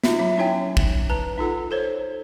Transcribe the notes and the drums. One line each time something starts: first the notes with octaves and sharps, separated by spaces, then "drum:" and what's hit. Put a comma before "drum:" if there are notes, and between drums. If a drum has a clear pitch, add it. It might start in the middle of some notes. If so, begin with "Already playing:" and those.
D#4 F4 E5, drum: snare
F#3 E5 B5
C#4 D#4 E4 C#5 G5 G#5
drum: kick
B4 A5 A#5
D#4 F4 A4 F#5
A4 C5 C#5